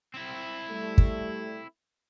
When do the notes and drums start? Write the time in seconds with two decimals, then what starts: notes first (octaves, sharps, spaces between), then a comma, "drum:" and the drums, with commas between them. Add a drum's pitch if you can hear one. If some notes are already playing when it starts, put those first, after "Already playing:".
0.14 C4 E4
0.70 G3 A3
0.98 drum: kick